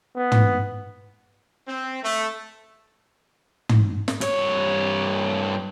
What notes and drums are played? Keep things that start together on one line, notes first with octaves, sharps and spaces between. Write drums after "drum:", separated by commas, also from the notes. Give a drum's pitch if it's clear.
B3
drum: tom
C4
A3
drum: tom
drum: snare
G2 C#5, drum: hi-hat